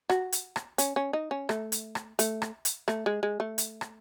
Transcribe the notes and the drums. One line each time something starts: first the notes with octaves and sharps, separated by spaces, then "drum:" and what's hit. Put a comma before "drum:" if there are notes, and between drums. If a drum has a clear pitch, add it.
F#4, drum: rim click
drum: hi-hat
drum: rim click
C#4, drum: hi-hat
C#4
D#4
C#4
A3, drum: rim click
drum: hi-hat
drum: rim click
A3, drum: hi-hat
drum: rim click
drum: hi-hat
A3, drum: rim click
G#3
G#3
A3
drum: hi-hat
drum: rim click